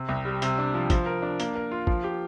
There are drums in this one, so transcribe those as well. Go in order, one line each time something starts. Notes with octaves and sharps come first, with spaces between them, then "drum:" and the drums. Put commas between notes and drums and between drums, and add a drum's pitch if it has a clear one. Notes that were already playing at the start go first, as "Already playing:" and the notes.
Already playing: C3
C2
G3
C3, drum: hi-hat
D4
F3
F3, drum: kick A1, hi-hat
A#4
D4
A#3, drum: hi-hat
A#4
F4
F3, drum: kick A1
G4